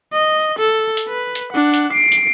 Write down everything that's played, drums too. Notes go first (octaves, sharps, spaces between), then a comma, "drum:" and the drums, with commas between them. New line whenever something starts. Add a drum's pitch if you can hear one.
D#5
A4
drum: hi-hat
B4
drum: hi-hat
D4 F#5
drum: hi-hat
C7 D7
drum: hi-hat